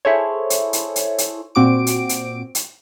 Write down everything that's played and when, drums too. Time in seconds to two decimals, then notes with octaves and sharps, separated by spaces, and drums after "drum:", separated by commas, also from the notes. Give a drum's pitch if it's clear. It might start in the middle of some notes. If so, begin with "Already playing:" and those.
0.05 E4 G#4 A4 C5 C#5
0.50 drum: hi-hat
0.73 drum: hi-hat
0.96 drum: hi-hat
1.18 drum: hi-hat
1.55 A#2 C4 F#4 D6 D7
1.87 drum: hi-hat
2.09 drum: hi-hat
2.55 drum: hi-hat